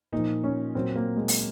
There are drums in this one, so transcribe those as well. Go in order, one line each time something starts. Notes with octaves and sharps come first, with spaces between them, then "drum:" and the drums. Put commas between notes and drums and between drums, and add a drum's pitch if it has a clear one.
A#2 F3 D#4
C#4
A#2 F#3 C4
A#3
G#3
drum: open hi-hat